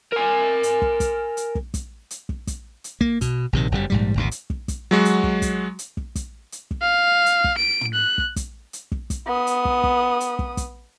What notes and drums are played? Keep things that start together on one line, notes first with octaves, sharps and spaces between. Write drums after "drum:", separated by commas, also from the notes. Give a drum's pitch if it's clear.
A#4 G#5
drum: hi-hat
drum: kick
drum: kick, hi-hat
drum: hi-hat
drum: kick
drum: kick, hi-hat
drum: hi-hat
drum: kick
drum: kick, hi-hat
drum: hi-hat
A#3, drum: kick
B2, drum: kick, hi-hat
A#1 C3 D#3
G1 F#2 D3 G3
A#1 G#2 G3
G#1 D2 B2
drum: hi-hat
drum: kick
drum: kick, hi-hat
F#3 G#3 F#4
drum: hi-hat
drum: kick
drum: kick, hi-hat
drum: hi-hat
drum: kick
drum: kick, hi-hat
drum: hi-hat
drum: kick
F5
drum: hi-hat
drum: kick
D7
drum: tom
F#6
drum: kick
drum: kick, hi-hat
drum: hi-hat
drum: kick
drum: kick, hi-hat
B3 D#6
drum: hi-hat
drum: kick
drum: kick
drum: hi-hat
drum: kick
drum: kick, hi-hat